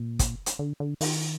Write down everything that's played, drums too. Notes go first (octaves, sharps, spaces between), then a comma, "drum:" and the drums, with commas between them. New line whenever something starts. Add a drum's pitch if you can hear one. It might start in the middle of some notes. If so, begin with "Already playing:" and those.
Already playing: A#2
drum: kick, hi-hat
drum: hi-hat
D3
D3
D#3, drum: open hi-hat